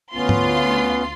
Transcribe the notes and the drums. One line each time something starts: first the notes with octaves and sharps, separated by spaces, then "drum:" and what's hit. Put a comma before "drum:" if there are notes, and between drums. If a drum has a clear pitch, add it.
D2 B3 C#4 F4 C6
drum: tom G#2